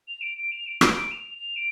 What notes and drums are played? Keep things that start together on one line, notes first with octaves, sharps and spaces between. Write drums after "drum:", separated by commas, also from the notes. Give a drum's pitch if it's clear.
F7
D7
D7
F7
D7
D7, drum: rim click
D7
F7
F7
D7